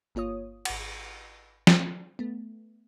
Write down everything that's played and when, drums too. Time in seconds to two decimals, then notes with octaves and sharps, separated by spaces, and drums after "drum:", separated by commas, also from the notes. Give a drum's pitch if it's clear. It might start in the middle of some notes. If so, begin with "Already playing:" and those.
0.15 G1 A#3 F4 C#5 D#6
0.65 G#1 F#5, drum: cymbal
1.67 drum: snare
2.19 A3 B3